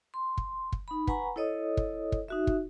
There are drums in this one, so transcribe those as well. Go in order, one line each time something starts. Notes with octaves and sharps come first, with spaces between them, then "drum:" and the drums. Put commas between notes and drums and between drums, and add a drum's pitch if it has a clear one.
C6
drum: kick
drum: kick
D#4 B5
B4 F#5 G#5 A#5 B5 C#6, drum: kick
E4 A4 C#5 D#5 D#6
drum: kick
drum: kick
D#4 F#4 E5
drum: kick